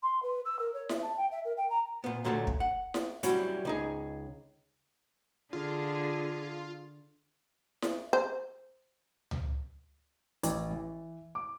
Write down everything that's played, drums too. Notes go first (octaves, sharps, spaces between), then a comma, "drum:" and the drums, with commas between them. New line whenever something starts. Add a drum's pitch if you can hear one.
C6
B4
E6
A#4
C#5
E5, drum: snare E4
A5
G5
E5
A#4
G5
A#5
A#2 B3
D2 A#2 F#3 G3 A3
drum: kick
F#5
drum: snare E4
F#3 G3 C#4 E4 F#4, drum: hi-hat
C#2 D#4 G#4
D3 F4 G#4
drum: snare E4
C5
drum: tom C#2
A1, drum: hi-hat
E3
D6